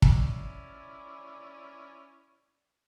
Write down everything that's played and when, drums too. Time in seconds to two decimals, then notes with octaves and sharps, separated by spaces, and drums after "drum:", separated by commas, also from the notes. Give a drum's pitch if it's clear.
0.02 C#4 E4 D5, drum: kick